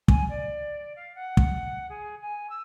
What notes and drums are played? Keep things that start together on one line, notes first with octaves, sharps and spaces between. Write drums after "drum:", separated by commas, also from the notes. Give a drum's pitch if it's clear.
G#5, drum: kick
D5
F5
F#5
drum: kick
G#4
G#5
E6